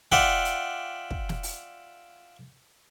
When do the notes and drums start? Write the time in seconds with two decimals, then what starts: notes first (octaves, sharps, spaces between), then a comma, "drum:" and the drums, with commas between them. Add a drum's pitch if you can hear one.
0.12 F4 D5 E5 F#5 G5, drum: kick
0.45 drum: hi-hat
1.11 drum: kick
1.29 drum: snare
1.43 drum: open hi-hat